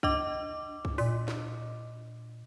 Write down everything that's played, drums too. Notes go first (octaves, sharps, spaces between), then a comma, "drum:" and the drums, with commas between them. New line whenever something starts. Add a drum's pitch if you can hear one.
D4 D#5 D6, drum: kick
drum: kick
A#2, drum: open hi-hat
drum: snare